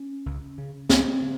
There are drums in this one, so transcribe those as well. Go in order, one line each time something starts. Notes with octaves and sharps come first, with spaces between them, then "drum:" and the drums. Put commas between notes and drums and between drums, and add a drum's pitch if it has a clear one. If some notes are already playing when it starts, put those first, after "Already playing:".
Already playing: C#4
C#2
C#3
C#2 C4, drum: snare
C#3